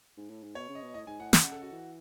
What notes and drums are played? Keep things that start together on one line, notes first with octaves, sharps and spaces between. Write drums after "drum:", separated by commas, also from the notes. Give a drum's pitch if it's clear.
G#2
A2
G#2
B2 C#5
C#3
D#5
B2
A2 D#5
G#2 G#5
A2 F#5
C#3, drum: snare
F#5
A4
F#4
E3